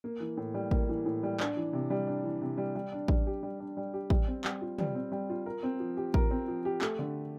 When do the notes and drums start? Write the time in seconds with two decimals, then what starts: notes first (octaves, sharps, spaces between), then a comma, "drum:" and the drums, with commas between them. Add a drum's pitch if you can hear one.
0.04 A#3
0.20 E3
0.37 A2
0.54 G3
0.71 A#3, drum: kick A1
0.89 E3
1.06 A2
1.23 G3
1.40 D4, drum: clap
1.57 E3
1.73 C3
1.90 G3
2.07 D4
2.24 E3
2.42 C3
2.57 G3
2.75 G3
2.92 D4
3.08 G3, drum: kick A1
3.26 G4
3.43 G3
3.60 D4
3.77 G3
3.94 G4
4.10 G3, drum: kick A1
4.28 C4
4.44 G3, drum: clap
4.62 F4
4.79 G3, drum: tom
4.95 C4
5.12 G3
5.30 F4
5.46 A#4
5.63 C4
5.80 F3
5.97 G4
6.14 A#4, drum: kick A1
6.31 C4
6.48 F3
6.65 G4
6.81 A3, drum: clap
6.99 D3